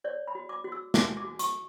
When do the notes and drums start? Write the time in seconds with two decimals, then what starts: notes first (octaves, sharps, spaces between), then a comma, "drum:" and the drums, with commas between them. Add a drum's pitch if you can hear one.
0.04 C#5 D5
0.27 B5
0.35 F#4
0.49 D6
0.64 F#4
0.72 E6
0.94 F#4 D6, drum: snare
1.17 D6
1.24 F#4
1.39 C#6, drum: hi-hat